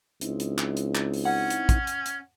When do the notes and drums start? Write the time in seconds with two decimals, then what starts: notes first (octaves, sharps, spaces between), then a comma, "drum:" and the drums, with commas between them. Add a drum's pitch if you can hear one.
0.21 C#2 C4 D#4 E4, drum: hi-hat
0.40 drum: hi-hat
0.58 drum: clap
0.77 drum: hi-hat
0.95 drum: clap
1.14 drum: open hi-hat
1.25 C#4 F#5
1.50 drum: hi-hat
1.69 drum: kick, hi-hat
1.87 drum: hi-hat
2.06 drum: hi-hat